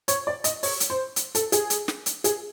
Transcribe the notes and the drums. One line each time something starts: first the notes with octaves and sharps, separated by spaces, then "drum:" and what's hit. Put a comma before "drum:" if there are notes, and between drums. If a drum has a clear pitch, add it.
C#5, drum: hi-hat
D5
D#5, drum: hi-hat
C#5, drum: open hi-hat
drum: hi-hat
C5
drum: hi-hat
A4, drum: hi-hat
G#4, drum: hi-hat
drum: hi-hat
drum: snare
drum: hi-hat
G#4, drum: hi-hat